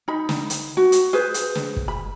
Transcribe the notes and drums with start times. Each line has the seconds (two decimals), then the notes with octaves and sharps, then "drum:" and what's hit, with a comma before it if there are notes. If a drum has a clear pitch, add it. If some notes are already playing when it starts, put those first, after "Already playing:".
0.08 D#4 B5
0.29 drum: snare
0.50 drum: hi-hat
0.77 F#4
0.92 drum: hi-hat
1.13 G#4 B4 C5
1.34 drum: hi-hat
1.55 drum: snare
1.77 drum: kick
1.88 B5